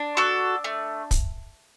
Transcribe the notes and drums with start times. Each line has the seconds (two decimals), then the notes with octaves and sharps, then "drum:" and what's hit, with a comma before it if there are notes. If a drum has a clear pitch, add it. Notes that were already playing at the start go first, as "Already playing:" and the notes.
Already playing: D4
0.17 F#4 A4
0.64 A3
1.11 drum: kick, hi-hat